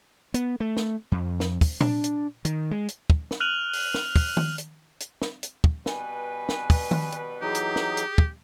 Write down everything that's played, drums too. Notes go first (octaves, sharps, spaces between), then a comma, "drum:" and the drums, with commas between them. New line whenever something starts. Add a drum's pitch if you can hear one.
B3, drum: hi-hat
A3
drum: snare
F2
drum: snare
drum: kick, open hi-hat
D4, drum: tom A#2
drum: hi-hat
D#3, drum: hi-hat
G#3
drum: hi-hat
drum: kick
drum: snare
F6 F#6 D#7 F7 F#7
drum: open hi-hat
drum: snare
drum: kick, open hi-hat
drum: tom D#3
drum: hi-hat
drum: hi-hat
drum: snare
drum: hi-hat
drum: kick
B2 G3 B4 G#5, drum: snare
drum: snare
drum: kick, open hi-hat
drum: tom D#3
drum: hi-hat
E3 F#3 D#4 G4 G#4
drum: hi-hat
drum: snare
drum: hi-hat
drum: kick